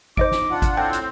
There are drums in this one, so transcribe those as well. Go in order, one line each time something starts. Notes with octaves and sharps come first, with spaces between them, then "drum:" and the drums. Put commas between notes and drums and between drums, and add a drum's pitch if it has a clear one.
D#4 C5 D#5 D6 D7, drum: kick G#1
drum: snare
D4 F4 F#5
drum: kick G#1, hi-hat
A2 C4 G5
drum: hi-hat